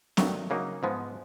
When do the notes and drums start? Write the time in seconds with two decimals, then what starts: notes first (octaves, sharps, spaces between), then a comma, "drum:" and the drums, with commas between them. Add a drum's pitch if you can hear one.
0.17 G2 D#3 F#3 A3, drum: snare
0.50 C#3 F#3 A#3 D#4
0.83 G#2 F3 G#3 B3